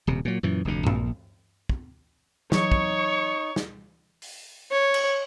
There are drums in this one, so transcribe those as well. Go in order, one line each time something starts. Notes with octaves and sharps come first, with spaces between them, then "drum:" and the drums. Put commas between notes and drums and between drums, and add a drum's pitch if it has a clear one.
D#1 C3
A#2 F#3
F#2 A#2 E3
F1 D2 D3
A#1, drum: tom G2
drum: kick
E3 F#3 D#4 C#5 C#6, drum: snare
drum: kick
drum: snare
drum: open hi-hat
C#5
drum: cymbal